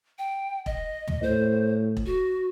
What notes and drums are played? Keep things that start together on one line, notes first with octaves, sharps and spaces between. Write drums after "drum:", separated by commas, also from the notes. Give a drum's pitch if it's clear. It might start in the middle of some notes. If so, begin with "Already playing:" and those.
G5
D#5, drum: kick E1
drum: tom
A2 C5
drum: kick E1
F#4